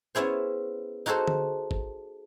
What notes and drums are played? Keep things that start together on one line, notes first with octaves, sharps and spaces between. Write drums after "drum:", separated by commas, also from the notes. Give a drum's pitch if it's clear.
B3 C#4 E4 G#4 C5
D#4 F#4 G#4 A4 C5
drum: tom D3
drum: kick